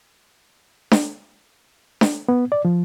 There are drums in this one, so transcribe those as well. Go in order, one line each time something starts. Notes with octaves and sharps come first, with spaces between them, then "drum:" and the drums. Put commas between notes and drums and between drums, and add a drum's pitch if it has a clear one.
drum: snare D4
drum: snare D4
B3
D5
F3